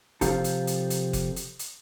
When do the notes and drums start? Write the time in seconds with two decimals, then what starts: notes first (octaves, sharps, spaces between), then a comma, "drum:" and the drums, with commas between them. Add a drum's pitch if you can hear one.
0.21 C3 F3 C4 F4 G4 A4, drum: kick F1, hi-hat
0.44 drum: hi-hat
0.67 drum: hi-hat
0.90 drum: hi-hat
1.13 drum: kick F1, hi-hat
1.36 drum: hi-hat
1.59 drum: hi-hat